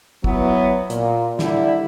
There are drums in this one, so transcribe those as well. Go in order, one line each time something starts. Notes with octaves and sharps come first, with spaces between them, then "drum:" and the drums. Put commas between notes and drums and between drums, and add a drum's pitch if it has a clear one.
F#3 B3 E4, drum: kick
A#2, drum: hi-hat
D3 G3 E4, drum: snare